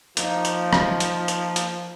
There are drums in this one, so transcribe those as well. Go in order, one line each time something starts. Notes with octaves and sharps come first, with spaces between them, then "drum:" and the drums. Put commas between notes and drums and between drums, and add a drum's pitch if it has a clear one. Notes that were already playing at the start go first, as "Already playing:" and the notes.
F3 A#3 D#4, drum: hi-hat
drum: hi-hat
drum: rim click
drum: hi-hat
drum: hi-hat
drum: hi-hat